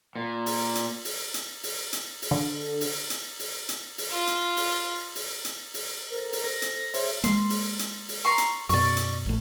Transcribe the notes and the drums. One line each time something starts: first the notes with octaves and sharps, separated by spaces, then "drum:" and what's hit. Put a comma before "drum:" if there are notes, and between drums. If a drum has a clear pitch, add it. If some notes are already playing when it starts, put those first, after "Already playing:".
A#2
drum: open hi-hat
drum: hi-hat
drum: open hi-hat
drum: hi-hat
drum: open hi-hat
drum: hi-hat
drum: open hi-hat
D3
drum: open hi-hat
drum: hi-hat
drum: open hi-hat
drum: hi-hat
drum: open hi-hat
F4
drum: hi-hat
drum: open hi-hat
drum: open hi-hat
drum: hi-hat
drum: open hi-hat
A4 A#4 C5
drum: open hi-hat
A#6
drum: hi-hat
G#4 C5 C#5 E5, drum: open hi-hat
G#3 A#3 C6, drum: hi-hat
drum: open hi-hat
drum: hi-hat
drum: open hi-hat
A#5 C6 C#6
drum: hi-hat
F#2 B2 D5 C#6, drum: open hi-hat
drum: hi-hat
A1 A2